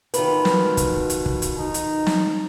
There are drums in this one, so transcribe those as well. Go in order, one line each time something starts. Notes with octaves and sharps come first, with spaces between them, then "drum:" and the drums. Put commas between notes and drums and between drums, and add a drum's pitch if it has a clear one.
B2 D#3 F4 B4, drum: hi-hat
drum: snare
drum: kick, hi-hat
drum: hi-hat
drum: kick
drum: hi-hat
D#4
drum: hi-hat
drum: snare